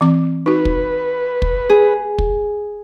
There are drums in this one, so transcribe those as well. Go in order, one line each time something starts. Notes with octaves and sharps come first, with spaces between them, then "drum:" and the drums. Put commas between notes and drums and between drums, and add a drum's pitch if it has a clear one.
E3 C4 D6
D#4 F#4 B4
drum: kick
drum: kick
G#4
drum: kick